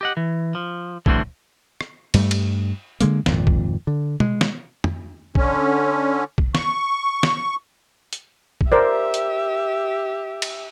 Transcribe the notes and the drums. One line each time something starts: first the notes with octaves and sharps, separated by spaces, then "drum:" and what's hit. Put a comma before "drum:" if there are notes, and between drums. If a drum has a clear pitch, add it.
G4 D#5 F#5
E3
F3
A2 D3 E3 G3 C4 F#4, drum: kick
drum: rim click
G2 G3 A3, drum: cymbal
drum: cymbal
D3 G#3 A#3, drum: hi-hat
G#1 F2 A#2, drum: snare
drum: kick
D3
G#3, drum: tom B2
drum: snare
drum: tom
D3 C#4, drum: kick
drum: kick
C#6, drum: snare
drum: snare
drum: hi-hat
drum: kick
G4 A#4 C5 D5 E5
drum: hi-hat
drum: cymbal